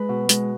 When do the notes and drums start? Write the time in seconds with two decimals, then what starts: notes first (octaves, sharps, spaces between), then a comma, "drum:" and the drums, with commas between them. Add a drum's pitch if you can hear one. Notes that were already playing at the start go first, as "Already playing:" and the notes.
Already playing: G#3 B4
0.09 B2
0.29 G#3, drum: hi-hat